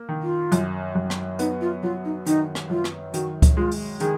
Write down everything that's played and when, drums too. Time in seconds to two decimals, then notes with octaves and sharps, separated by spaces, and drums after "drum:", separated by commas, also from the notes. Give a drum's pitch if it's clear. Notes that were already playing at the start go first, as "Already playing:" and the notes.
Already playing: A#3
0.09 D#3
0.23 F4
0.52 F#2, drum: hi-hat
0.95 F#2
1.10 drum: rim click
1.39 B3 D#4, drum: hi-hat
1.61 F4
1.83 F#3 F4
2.05 D#4
2.26 D#3 D#4, drum: hi-hat
2.55 drum: rim click
2.70 F#2 F4
2.84 drum: rim click
3.14 D#3 F#4, drum: hi-hat
3.42 drum: kick C#2, hi-hat
3.57 G#3 F4
3.71 drum: open hi-hat
4.00 D#3 G#4, drum: hi-hat